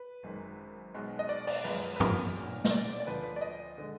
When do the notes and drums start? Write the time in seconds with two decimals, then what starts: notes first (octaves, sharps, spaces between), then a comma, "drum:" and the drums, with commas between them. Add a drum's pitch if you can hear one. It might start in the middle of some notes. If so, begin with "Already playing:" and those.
Already playing: B4
0.23 G#1 F#2 D#3 G#3
0.94 B1 B2 G#3
1.19 D#5
1.29 D5
1.47 D5, drum: open hi-hat
1.64 F#2 F3 G#3 B4
1.96 B4
2.00 A#4, drum: tom G2
2.36 B1 A#2 F#3
2.64 D#5, drum: snare
2.71 D5
3.00 D5
3.07 D2 D3 F3 B4
3.23 B4
3.36 D5
3.41 D#5
3.78 D3 G#3